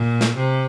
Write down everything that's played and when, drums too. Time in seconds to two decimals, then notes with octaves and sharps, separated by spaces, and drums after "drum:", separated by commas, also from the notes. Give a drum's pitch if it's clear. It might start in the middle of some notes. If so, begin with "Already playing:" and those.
Already playing: A#2
0.21 drum: snare
0.36 C3